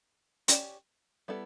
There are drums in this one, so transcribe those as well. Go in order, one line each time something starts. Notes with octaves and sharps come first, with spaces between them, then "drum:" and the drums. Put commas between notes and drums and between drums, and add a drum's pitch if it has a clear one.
C#4 G4 D5, drum: hi-hat
G3 B3 E4 A4